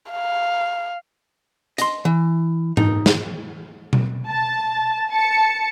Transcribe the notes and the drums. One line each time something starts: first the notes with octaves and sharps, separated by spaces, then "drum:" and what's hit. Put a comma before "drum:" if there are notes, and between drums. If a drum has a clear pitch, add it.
F5
D#5 C6, drum: hi-hat
E3
D#4, drum: tom G#2
drum: snare
drum: tom B2
A5
A5 C#7